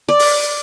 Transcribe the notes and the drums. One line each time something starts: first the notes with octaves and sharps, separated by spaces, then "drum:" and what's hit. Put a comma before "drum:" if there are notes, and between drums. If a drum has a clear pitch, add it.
D5
drum: open hi-hat